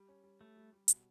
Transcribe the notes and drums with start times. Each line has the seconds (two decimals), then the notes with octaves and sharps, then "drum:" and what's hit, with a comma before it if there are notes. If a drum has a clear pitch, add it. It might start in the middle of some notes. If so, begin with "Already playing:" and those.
Already playing: G3
0.09 C#4
0.24 G3
0.40 G3 A3
0.57 G3
0.73 G3
0.88 B2, drum: hi-hat